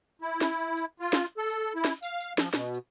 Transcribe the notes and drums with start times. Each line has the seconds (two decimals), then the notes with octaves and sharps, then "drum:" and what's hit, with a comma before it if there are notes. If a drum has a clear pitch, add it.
0.22 E4
0.41 drum: snare
0.59 drum: tambourine
0.77 drum: tambourine
1.00 F4
1.13 drum: snare
1.38 A4
1.49 drum: tambourine
1.75 E4
1.85 drum: snare
2.03 F5, drum: tambourine
2.20 drum: tambourine
2.38 F3, drum: snare
2.54 B2, drum: snare
2.74 drum: tambourine